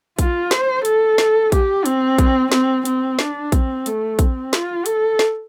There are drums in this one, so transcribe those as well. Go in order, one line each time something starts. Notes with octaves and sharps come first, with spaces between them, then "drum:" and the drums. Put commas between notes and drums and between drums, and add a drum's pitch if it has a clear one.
F4, drum: kick A#1, hi-hat
C5, drum: snare
A4, drum: hi-hat
drum: snare
G4, drum: kick A#1, hi-hat
C4, drum: hi-hat
drum: kick A#1, hi-hat
C4, drum: snare
C4, drum: hi-hat
D4, drum: snare
C4, drum: kick A#1, hi-hat
A3, drum: hi-hat
C4, drum: kick A#1, hi-hat
F4, drum: snare
A4, drum: hi-hat
drum: snare